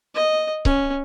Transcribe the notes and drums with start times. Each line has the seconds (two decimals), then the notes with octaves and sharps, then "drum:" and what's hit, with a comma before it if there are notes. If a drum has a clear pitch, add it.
0.15 D#5
0.65 C#4, drum: kick C#1